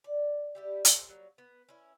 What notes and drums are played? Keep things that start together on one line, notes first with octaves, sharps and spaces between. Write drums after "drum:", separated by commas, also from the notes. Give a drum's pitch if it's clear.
D5
G3 E4 G4
A3 C5, drum: hi-hat
F#3 G3 A#3
B3
C#4 E4